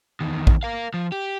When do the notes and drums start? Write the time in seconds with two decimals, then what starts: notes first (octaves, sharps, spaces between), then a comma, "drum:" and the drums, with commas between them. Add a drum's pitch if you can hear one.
0.21 E2 D#3
0.47 drum: kick
0.63 A#4 F5
0.94 F3
1.12 G4